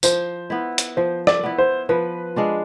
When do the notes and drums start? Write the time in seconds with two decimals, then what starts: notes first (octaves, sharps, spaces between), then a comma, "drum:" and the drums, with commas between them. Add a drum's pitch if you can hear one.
0.03 F3 C5, drum: tambourine
0.50 B3 E4
0.78 drum: hi-hat
0.97 F3 C5
1.27 D5, drum: rim click
1.43 B3 E4
1.58 C5
1.89 F3 B4
2.36 G#3 D4 F4